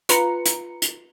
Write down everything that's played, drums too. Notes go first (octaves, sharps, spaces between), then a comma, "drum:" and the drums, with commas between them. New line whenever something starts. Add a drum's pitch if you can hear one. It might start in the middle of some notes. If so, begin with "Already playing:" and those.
F4 B4 A#5 C#7, drum: hi-hat
drum: hi-hat
drum: hi-hat